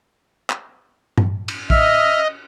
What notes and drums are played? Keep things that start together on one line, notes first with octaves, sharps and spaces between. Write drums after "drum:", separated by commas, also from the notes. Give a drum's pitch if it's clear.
drum: clap
drum: tom G2
drum: cymbal
D#5 E5 F6, drum: kick A#1